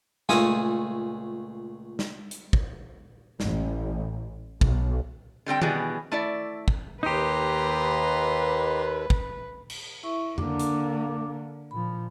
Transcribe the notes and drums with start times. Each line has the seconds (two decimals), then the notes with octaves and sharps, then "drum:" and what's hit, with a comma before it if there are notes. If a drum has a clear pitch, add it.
0.29 C#2 A#2 A3 C#4 C#5 D#6, drum: snare
1.99 drum: snare
2.31 drum: hi-hat
2.53 drum: kick
3.40 A1, drum: snare
4.61 B1, drum: kick
5.46 D3 G3 C4 G5
5.62 B2 E3 G3 B3 G#4, drum: tom D#3
6.12 A3 E4 D5
6.68 drum: kick
7.03 D#2 D#4 G4 B4 A#5 C6
9.10 drum: kick
9.70 drum: cymbal
10.03 E4 E5 C#6
10.38 D3 A#3 D4 D6, drum: tom F2
10.59 drum: hi-hat
11.71 A#2 F3 B5